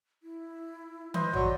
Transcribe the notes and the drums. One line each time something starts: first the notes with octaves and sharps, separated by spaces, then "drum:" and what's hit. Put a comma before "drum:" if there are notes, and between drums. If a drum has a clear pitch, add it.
E4
E4 B4 C5 D#5, drum: tom
F#3 D5, drum: tom A1